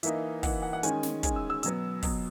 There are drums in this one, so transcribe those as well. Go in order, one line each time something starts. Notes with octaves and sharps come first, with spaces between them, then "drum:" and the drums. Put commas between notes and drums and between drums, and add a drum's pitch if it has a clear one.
E3 A#3 D#4 E5, drum: hi-hat
E3 A#3 D#4 F#5, drum: kick, open hi-hat
F#5
F#5
D#3 G#3 C#4 G#5, drum: hi-hat
drum: snare
D#3 G#3 C#4 G#5, drum: kick, hi-hat
E6
E6
B2 F#3 B3 E6, drum: hi-hat
B2 F#3 B3, drum: kick, open hi-hat